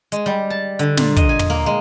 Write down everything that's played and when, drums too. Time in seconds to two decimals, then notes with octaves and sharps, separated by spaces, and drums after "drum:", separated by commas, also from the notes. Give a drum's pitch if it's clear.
0.12 G#3, drum: hi-hat
0.26 G3
0.50 A5
0.79 D3, drum: hi-hat
0.97 A#2, drum: snare
1.16 D#5, drum: kick, hi-hat
1.29 G#5
1.39 drum: tom
1.50 A#3
1.66 G#3